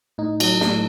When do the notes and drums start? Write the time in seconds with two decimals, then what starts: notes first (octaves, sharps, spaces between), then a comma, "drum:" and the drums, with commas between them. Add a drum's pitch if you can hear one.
0.18 A2 D#4
0.40 F#3, drum: cymbal
0.61 A2, drum: snare